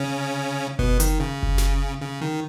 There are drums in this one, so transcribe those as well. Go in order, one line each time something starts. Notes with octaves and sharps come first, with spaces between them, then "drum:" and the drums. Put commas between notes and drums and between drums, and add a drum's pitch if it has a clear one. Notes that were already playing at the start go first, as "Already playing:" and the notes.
Already playing: C#3 C#4
B2 B3, drum: kick F#1
D#3, drum: hi-hat
C#3
drum: kick F#1
drum: snare
C#3
D#3